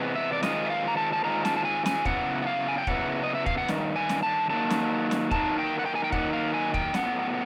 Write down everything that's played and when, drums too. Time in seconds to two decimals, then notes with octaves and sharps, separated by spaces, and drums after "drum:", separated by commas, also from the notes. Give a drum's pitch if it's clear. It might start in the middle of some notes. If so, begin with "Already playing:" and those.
Already playing: C3 E3 G#3 B3
0.15 E5
0.33 D5
0.43 D#3 G#3 C4 F4 D#5, drum: snare
0.66 E5
0.70 F5
0.88 A#5
0.97 A5
1.13 A5
1.24 D#3 G#3 C4 F4 A#5
1.45 A5, drum: snare
1.57 A5
1.65 G#5
1.86 G#5, drum: snare
2.05 C#3 F#3 B3 E4 F#5, drum: kick
2.42 F#5
2.47 F5
2.68 G#5
2.78 G5
2.87 C#3 F#3 B3 E4 F#5, drum: kick
3.24 D#5
3.35 E5
3.46 F5, drum: kick
3.58 F#5
3.68 G2 D#3, drum: snare
3.96 G#5
4.09 drum: snare
4.23 A5
4.50 G2 D#3 F#3 A#3 A5
4.70 drum: snare
5.11 drum: snare
5.31 D#3 F#3 A#3 D#4 A5, drum: kick
5.59 G5
5.79 F#5
5.86 G5
5.95 G#5
6.04 G5
6.12 D#3 F#3 A#3 D#4 F#5, drum: kick
6.33 F5
6.54 G#5
6.74 G5, drum: kick
6.94 A2 F#3 B3 F#5, drum: snare